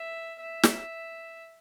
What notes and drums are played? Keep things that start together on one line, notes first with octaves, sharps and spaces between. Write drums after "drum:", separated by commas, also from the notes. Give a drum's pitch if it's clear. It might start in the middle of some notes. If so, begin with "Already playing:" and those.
Already playing: E5
E5
drum: snare